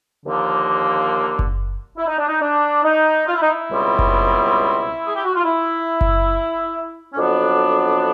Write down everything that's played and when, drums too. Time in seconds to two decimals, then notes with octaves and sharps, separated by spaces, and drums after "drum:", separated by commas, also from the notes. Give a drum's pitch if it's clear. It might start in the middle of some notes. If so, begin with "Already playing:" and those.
0.24 D#2 D3 F3 A#3
1.39 drum: kick F#1
1.97 E4
2.07 D#4
2.17 D4
2.28 D#4
2.40 D4
2.83 D#4
3.26 F4
3.35 E4
3.41 D#4
3.49 E4
3.70 C#2 B2 G3 C4
3.99 drum: kick F#1
5.04 G#4
5.14 G4
5.23 F#4
5.33 F4
5.44 E4
6.01 drum: kick F#1
7.13 C#4
7.16 F2 D3 F#3 B3 D4